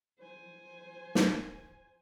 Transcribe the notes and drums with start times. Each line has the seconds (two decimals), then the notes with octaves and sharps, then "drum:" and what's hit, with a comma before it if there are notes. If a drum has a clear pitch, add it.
0.19 C5 G#5
1.15 drum: snare